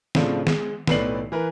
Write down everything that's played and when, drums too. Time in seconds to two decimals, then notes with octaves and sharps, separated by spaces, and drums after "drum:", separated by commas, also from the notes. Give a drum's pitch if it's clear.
0.15 A2 C#3 F3 C4 D4, drum: snare
0.47 G#3, drum: snare
0.87 B1 A2 B4 D5 C7 F#7, drum: snare
1.32 E3 A#4 B4